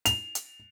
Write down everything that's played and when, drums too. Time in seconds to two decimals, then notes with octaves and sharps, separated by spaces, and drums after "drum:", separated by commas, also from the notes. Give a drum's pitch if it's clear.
0.06 F7, drum: hi-hat
0.35 drum: hi-hat